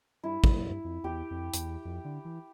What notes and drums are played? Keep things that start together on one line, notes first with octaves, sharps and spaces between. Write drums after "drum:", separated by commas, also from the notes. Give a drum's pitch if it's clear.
G2 E4
G2, drum: kick
G2
F2
E2 G4
F2
F2, drum: hi-hat
E2
F2
D3
E3